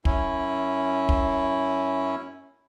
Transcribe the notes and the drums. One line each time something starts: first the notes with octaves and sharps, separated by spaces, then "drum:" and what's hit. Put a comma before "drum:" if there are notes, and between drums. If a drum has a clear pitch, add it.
F#2 C#4 E4, drum: kick
drum: kick